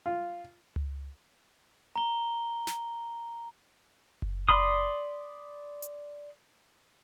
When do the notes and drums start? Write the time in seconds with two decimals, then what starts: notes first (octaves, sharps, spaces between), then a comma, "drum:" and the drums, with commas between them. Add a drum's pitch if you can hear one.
0.06 F4
0.76 drum: tom C#2
1.96 A#5 G7
2.67 drum: snare
4.22 drum: kick F#1
4.49 D5 B5 C6 D#6, drum: kick F#1
5.82 drum: hi-hat